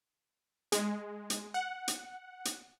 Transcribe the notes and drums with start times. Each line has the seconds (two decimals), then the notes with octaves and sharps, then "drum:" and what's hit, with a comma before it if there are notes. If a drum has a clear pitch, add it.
0.72 G#3, drum: hi-hat
1.30 drum: hi-hat
1.54 F#5
1.88 drum: hi-hat
2.45 drum: hi-hat